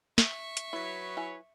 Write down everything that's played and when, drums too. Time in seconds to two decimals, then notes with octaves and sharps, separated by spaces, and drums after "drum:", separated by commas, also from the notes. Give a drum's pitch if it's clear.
0.18 E5 C#6, drum: snare
0.57 drum: hi-hat
0.73 F#3 E4 B4 C#5
1.17 E4 G#5